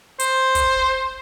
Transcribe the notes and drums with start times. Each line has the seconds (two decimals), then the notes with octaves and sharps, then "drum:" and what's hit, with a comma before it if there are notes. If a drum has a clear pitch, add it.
0.20 C5, drum: hi-hat
0.55 drum: kick, hi-hat